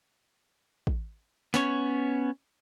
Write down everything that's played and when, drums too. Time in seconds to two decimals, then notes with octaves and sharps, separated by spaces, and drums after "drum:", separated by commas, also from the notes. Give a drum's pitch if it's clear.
0.87 drum: kick
1.54 B3 C#4 C#5, drum: snare